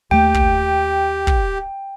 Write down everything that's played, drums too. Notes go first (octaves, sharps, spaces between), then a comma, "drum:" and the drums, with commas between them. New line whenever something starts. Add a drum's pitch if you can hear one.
D#2 A3 G4 G5
drum: kick
drum: kick